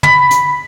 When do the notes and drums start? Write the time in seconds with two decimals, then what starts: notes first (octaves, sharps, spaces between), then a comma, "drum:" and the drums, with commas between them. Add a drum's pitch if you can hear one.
0.03 B5, drum: tom
0.31 drum: hi-hat